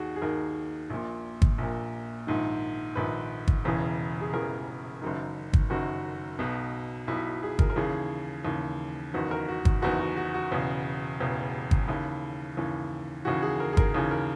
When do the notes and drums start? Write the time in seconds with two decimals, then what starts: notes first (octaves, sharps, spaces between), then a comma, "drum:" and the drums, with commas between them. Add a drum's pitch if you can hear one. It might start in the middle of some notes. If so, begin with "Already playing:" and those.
Already playing: D#2 D#3 F#4 G#4
0.16 G#4
0.22 D#2 D#3 A#4
0.90 A#1 A#2
1.42 drum: kick
1.58 A#1 A#2
2.27 A#1 G#2 D#3
2.95 A#1 G#2 D#3 B4
3.48 drum: kick
3.65 E1 E2 C#3 E3
4.21 G#4
4.33 E1 E2 C#3 E3 A#4
5.02 F#1 F#2 D#3
5.53 drum: kick
5.70 F#1 F#2 D#3 F#4
6.39 B1 B2
7.07 B1 B2 E4
7.43 G#4
7.59 A#4, drum: kick
7.70 A#4
7.76 D#2 C#3 E3 G#4
8.45 D#2 C#3 E3
9.14 F#1 E2 D#3 F#4
9.31 A#4
9.48 F#4
9.65 drum: kick
9.82 F#1 E2 D#3 F#4
10.00 F#4
10.17 F#4
10.34 F#4
10.50 E1 E2 C#3
11.20 E1 E2 C#3
11.71 drum: kick
11.88 D#2 C#3 E3 E4
12.57 D#2 C#3 E3
13.25 D#2 C#3 E3 F#4
13.42 G#4
13.60 A#4
13.73 G#4
13.77 A#4, drum: kick
13.94 D#2 C#3 E3
14.11 A#4